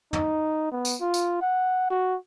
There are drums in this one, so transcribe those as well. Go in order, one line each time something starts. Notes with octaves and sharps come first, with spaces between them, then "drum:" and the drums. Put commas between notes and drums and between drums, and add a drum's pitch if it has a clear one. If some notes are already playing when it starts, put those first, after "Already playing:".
D#4, drum: tom
B3
drum: tambourine
F4
drum: tambourine
F#5
F#4